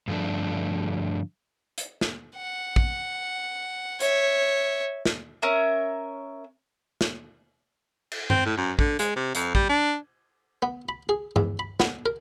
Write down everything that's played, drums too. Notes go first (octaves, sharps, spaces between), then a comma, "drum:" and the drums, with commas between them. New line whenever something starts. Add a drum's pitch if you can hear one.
G2 D3 F3 A3 D4
drum: hi-hat
drum: snare
F#5
drum: kick
C#5 E5, drum: hi-hat
drum: snare
C#4 A#4 E5
drum: snare
drum: cymbal
C4, drum: tom G2
A2
F#2
D3, drum: kick
G#3, drum: hi-hat
C3
F2, drum: hi-hat
G3, drum: kick
D4
B3
B5
G#4
E2, drum: tom G2
B5
B3, drum: snare
A#4